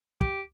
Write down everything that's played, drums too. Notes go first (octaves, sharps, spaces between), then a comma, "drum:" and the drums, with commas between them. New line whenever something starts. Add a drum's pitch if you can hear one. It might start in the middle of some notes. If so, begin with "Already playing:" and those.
G4, drum: kick